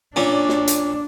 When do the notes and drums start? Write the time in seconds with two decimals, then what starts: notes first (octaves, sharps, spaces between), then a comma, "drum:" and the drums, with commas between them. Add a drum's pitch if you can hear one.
0.16 A#2 C#4 D4
0.49 drum: snare
0.68 drum: hi-hat